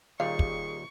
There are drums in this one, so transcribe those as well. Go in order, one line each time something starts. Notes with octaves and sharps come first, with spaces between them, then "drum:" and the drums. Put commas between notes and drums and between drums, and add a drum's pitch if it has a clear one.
D#2 A#2 G3 G#4 F5 C#6
drum: kick